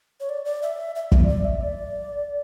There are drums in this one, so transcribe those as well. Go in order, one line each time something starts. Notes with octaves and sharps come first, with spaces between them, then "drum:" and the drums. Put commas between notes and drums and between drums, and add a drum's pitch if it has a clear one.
C#5
D5
D5
E5
E5
D5, drum: kick
D5
E5
D5